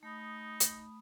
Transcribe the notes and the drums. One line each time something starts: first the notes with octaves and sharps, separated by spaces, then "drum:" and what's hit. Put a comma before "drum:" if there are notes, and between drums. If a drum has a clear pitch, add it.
A3 D#4 B5 D#6
drum: hi-hat